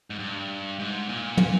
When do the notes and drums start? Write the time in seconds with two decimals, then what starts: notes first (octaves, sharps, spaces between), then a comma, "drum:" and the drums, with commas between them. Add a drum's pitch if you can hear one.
0.10 G#2
0.19 G2
0.79 G#2
1.09 A#2
1.37 drum: tom